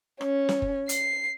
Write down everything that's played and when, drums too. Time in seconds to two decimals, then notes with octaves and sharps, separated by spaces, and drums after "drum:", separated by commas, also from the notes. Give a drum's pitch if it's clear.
0.21 C#4, drum: rim click
0.49 drum: snare
0.62 drum: kick F#1
0.89 C7, drum: hi-hat